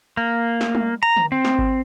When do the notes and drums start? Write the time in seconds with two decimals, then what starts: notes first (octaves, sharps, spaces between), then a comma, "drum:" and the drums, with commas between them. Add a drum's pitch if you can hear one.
0.17 A#3
0.61 drum: snare
0.75 drum: tom
1.03 A#5
1.17 drum: tom
1.32 C4
1.45 drum: snare
1.58 drum: kick G#1